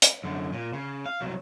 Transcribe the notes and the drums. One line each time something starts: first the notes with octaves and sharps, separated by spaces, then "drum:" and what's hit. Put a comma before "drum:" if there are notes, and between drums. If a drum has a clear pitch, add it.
drum: hi-hat
F#2 D3
A#2
C#3
F5
C2 F#3